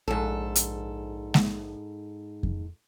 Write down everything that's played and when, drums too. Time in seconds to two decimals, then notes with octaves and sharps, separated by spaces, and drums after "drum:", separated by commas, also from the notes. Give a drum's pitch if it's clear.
0.08 A#1 G#2 A4
0.55 drum: hi-hat
1.34 drum: snare G#3
2.43 drum: kick F2